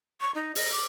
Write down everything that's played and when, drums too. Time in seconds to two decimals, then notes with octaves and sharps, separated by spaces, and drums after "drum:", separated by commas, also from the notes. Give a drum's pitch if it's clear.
0.20 C#6
0.34 D#4
0.55 D#5, drum: open hi-hat
0.71 D6